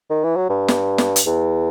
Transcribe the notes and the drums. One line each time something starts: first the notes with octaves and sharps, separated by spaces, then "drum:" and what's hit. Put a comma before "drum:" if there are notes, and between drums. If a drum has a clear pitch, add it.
D#3
E3
F#3
G2
drum: snare
drum: snare
drum: hi-hat
E2